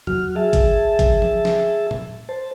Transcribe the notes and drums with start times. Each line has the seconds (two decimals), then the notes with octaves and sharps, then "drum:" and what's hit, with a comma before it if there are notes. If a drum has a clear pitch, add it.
0.07 F#3 F#4 F6, drum: tom E2
0.36 G#4 E5 A5
0.53 drum: kick, hi-hat
0.99 drum: kick, hi-hat
1.22 drum: tom
1.45 drum: snare
1.91 drum: tom A2
2.29 C5 A5